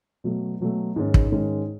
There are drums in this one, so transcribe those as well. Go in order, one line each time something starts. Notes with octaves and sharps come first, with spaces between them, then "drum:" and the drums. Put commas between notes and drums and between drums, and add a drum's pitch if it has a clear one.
B2 F#3 A3
B2 F#3 A3
G#2 D#3 G#3 C#4
drum: kick
G#2 D#3 G#3 C#4